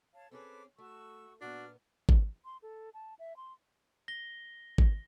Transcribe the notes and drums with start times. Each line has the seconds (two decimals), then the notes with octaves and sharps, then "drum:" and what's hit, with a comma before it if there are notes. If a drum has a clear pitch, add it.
0.15 C#5 F5 A5
0.31 C4 C#4 G#4 A4 B4 D6
0.78 A3 F#4 C#6 E6
1.41 A#2 B3 D4 F#4 F6
2.09 drum: kick G#1
2.45 C6
2.62 A4
2.94 A5
3.19 E5
3.37 C6
4.08 A#6 G7
4.78 drum: kick G#1